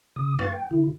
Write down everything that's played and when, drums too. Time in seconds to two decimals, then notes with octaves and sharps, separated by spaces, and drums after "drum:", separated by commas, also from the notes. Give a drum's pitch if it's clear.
0.16 C#3 D#6
0.39 B4 F5 C#6 A6, drum: tom
0.52 G5
0.71 D3 E4